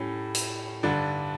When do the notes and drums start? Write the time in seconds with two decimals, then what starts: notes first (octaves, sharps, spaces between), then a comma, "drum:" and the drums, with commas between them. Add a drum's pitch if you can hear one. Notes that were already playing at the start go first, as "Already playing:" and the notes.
Already playing: A2 G3 C#4
0.34 drum: hi-hat
0.83 G2 D3 D4